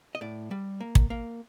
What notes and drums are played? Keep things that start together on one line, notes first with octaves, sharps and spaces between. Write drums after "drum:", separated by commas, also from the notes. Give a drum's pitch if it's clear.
D#5
A2 D5
G3
A#3
drum: kick
A#3